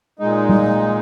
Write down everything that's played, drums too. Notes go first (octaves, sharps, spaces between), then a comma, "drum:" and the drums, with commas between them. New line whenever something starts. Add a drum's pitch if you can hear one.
A#2 G#3 D#4
drum: tom G3